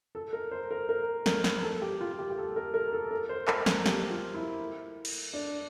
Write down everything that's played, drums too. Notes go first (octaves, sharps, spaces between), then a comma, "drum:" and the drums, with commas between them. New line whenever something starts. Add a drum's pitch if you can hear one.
A4
A#4
C5
A#4
A#4
A#4, drum: snare
drum: snare
A4
G4
F4
G4
G4
A4
A#4
A#4
A4
A#4
C5
A#4, drum: clap
A4, drum: snare
G4, drum: snare
F4
E4
drum: cymbal
D4